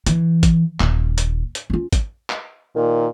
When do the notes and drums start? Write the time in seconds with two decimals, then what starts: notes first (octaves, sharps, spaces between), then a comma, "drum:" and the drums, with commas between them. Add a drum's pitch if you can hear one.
0.06 E3, drum: hi-hat
0.43 drum: kick G#1, hi-hat
0.80 D#1, drum: clap
1.18 drum: hi-hat
1.55 drum: hi-hat
1.70 C#4 F4
1.92 drum: kick G#1, hi-hat
2.30 drum: clap
2.76 A#2 D#3